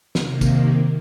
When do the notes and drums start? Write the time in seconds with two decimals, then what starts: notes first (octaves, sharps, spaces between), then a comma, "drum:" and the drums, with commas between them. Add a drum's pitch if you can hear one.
0.15 C3 D#3 A#3, drum: snare
0.41 drum: kick, tambourine